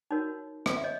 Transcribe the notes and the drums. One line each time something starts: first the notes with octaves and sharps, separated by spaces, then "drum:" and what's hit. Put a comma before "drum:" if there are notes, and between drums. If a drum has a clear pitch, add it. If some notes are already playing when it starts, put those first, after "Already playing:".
D#4 F#4 A#4 C#5
drum: rim click
E5
C#5 D#5